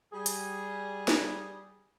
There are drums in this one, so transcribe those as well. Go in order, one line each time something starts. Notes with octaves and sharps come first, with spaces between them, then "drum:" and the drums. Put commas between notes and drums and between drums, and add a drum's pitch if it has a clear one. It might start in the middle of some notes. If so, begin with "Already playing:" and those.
G3 G#4
drum: hi-hat
drum: snare